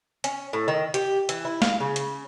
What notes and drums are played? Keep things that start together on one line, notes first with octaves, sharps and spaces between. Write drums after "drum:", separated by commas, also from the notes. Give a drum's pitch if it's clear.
C#4, drum: hi-hat
A2
D#3
G4, drum: hi-hat
E3, drum: hi-hat
E4
F5, drum: snare
C#3
drum: hi-hat